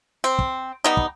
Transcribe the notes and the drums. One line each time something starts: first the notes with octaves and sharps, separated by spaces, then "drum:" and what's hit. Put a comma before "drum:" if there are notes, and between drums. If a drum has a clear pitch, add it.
C4
drum: kick
G3 B3 D#4
drum: kick